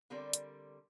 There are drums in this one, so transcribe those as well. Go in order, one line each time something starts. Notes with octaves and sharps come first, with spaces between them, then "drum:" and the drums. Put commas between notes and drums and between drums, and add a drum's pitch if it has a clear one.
D3 G3 C4 A#4 D5
drum: hi-hat